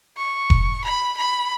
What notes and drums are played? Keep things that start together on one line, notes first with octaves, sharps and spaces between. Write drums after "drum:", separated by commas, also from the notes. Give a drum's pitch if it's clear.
C#6
drum: kick F1
B5
B5